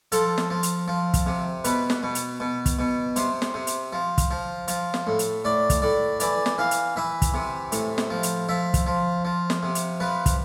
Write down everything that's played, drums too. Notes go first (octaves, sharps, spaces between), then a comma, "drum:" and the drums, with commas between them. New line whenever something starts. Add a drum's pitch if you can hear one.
F3 A4, drum: hi-hat
drum: snare
F3
drum: hi-hat
F3
drum: kick, hi-hat
C3
B2 B4, drum: hi-hat
drum: snare
B2
drum: hi-hat
B2
drum: kick, hi-hat
B2
C3 C5, drum: hi-hat
drum: snare
C3
drum: hi-hat
F3
drum: kick, hi-hat
F3
F3, drum: hi-hat
drum: snare
A2
drum: hi-hat
A2 D5
drum: kick, hi-hat
A2 D5
E3 D5, drum: hi-hat
drum: snare
E3 F5
drum: hi-hat
E3 E5
drum: kick, hi-hat
C3
A2, drum: hi-hat
drum: snare
F3
drum: hi-hat
F3 E5
drum: kick, hi-hat
F3
F3
drum: snare
C3
drum: hi-hat
F3 B4
drum: kick, hi-hat